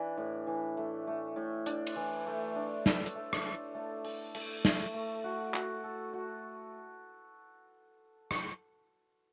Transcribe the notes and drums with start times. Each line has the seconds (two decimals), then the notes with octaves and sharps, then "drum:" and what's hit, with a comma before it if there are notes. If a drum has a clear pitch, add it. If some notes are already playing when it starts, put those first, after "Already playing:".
Already playing: E3 D4
0.17 A2
0.47 E3
0.77 A3
1.07 A3
1.36 A2
1.66 D4, drum: hi-hat
1.87 drum: cymbal
1.96 E3
2.26 A3
2.56 D4
2.86 A4, drum: snare
3.06 drum: hi-hat
3.16 A3
3.33 drum: rim click
3.46 A4
3.75 A3
4.05 A4, drum: open hi-hat
4.35 A3, drum: cymbal
4.65 A3, drum: snare
4.94 A3
5.24 F#4
5.54 F#4, drum: clap
5.84 A4
6.13 F#4
8.31 drum: rim click